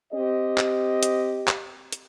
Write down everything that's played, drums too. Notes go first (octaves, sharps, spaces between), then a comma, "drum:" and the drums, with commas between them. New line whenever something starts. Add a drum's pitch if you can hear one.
C4 G4 D#5
drum: clap
drum: hi-hat
drum: clap
drum: hi-hat